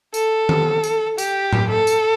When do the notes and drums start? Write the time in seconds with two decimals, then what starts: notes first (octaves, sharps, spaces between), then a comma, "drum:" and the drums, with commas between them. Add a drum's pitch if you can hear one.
0.14 A4, drum: tambourine
0.49 drum: tom D#3
0.84 drum: tambourine
1.18 G4, drum: tambourine
1.53 drum: tom A2
1.70 A4
1.87 drum: tambourine